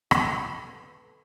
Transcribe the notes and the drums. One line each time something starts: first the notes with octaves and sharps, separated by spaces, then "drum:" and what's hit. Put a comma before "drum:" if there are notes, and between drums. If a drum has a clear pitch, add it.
A3 B3 C#4 E4 G4 A4, drum: rim click
A4 B4